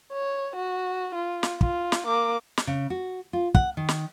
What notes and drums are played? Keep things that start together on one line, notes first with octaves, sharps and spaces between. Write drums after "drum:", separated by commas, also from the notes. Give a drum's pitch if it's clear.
C#5
F#4
F4
drum: snare
F4, drum: kick
drum: snare
A#3 D6
drum: snare
C#3
F#4
F4
F#5, drum: kick
D#3
drum: snare